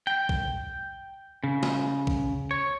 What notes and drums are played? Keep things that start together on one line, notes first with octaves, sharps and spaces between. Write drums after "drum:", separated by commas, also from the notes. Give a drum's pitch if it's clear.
G5
drum: kick
C#3
drum: snare
drum: kick
C#5